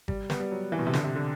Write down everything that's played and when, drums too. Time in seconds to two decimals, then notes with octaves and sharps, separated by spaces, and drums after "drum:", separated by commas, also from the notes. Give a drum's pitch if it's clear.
0.08 G3, drum: kick G#1
0.30 B3, drum: snare
0.40 G3
0.51 F#3
0.72 E3
0.79 B2
0.87 C3
0.93 D3, drum: snare
1.04 C3
1.16 D3